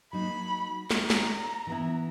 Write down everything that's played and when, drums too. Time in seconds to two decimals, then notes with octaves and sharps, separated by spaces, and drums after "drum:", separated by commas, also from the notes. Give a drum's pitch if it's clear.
0.13 F#3 A#3 D#4 B5
0.91 A#5, drum: snare
1.10 drum: snare
1.67 E3 B3 E4